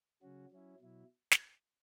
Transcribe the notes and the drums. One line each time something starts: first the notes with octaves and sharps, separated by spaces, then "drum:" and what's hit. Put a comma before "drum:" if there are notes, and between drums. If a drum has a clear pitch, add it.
C#3 F#3 C#4 F#4
F#3 C#4 E4
B2 F#3 E4
drum: snare